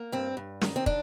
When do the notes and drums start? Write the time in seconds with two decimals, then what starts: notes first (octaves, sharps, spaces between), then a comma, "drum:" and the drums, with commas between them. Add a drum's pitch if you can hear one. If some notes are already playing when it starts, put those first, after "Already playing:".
Already playing: A#3
0.12 G2 C4
0.37 G2
0.61 D#3, drum: snare
0.76 C4
0.86 D4, drum: kick